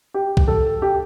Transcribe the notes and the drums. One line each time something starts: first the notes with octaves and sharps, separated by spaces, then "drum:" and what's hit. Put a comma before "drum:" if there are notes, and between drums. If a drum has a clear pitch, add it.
G4
drum: kick
A4
G4